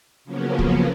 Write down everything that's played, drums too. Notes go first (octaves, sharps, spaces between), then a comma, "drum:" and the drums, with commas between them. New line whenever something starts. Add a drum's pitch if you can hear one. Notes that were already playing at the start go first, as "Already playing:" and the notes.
C#3 F3 F#3 A#3 B3 C#4
drum: kick